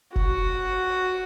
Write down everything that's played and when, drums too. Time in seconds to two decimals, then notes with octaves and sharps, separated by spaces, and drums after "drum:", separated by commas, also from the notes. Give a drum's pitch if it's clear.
0.16 F#4, drum: kick F1